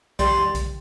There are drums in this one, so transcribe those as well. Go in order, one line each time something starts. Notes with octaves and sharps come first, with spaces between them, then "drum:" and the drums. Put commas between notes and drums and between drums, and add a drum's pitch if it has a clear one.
G3 C6, drum: kick B1, hi-hat
drum: tom E2
drum: kick B1, hi-hat